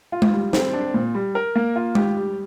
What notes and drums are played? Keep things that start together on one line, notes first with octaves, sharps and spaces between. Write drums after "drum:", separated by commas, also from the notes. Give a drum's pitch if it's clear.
F4
drum: tom G#3
G3
C4, drum: snare
D4
A#2
G3
A#4
A#3
F4
G4, drum: tom G#3
G3